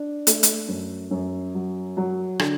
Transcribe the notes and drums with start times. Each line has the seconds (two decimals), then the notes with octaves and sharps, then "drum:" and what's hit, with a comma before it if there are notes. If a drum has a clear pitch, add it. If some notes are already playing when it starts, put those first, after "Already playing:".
Already playing: D4
0.27 A3, drum: hi-hat
0.43 drum: hi-hat
0.68 F#2
1.11 F#2
1.54 F#3
1.97 F#3
2.39 D3, drum: rim click